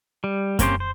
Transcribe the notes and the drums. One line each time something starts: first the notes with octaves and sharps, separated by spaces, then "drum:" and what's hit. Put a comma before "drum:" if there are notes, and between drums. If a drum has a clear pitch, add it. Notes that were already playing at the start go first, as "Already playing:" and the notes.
G3
A#3 C4 C#4 G4 C5, drum: kick F#2, hi-hat
C5